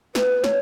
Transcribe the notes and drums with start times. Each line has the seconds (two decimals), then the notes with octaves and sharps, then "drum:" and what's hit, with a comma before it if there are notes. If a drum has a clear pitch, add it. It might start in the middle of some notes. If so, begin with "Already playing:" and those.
0.15 B4, drum: snare
0.44 C#5, drum: snare